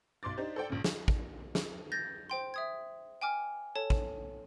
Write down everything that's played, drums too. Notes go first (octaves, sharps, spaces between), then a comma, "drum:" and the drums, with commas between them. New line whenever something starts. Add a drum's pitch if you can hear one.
B1 C6 D6 A6
D4 D#4 G4 C5
A4 C5 D5 G5
A#1 C#3
drum: snare
drum: kick
drum: snare
G6 A6 A#6
C5 G5 C6
E5 D#6 G#6
G5 G#5 D6 F6
A4 C#5 A5
drum: kick